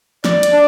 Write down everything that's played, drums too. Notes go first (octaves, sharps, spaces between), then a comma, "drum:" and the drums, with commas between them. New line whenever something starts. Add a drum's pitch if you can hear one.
D5, drum: snare
drum: hi-hat
D4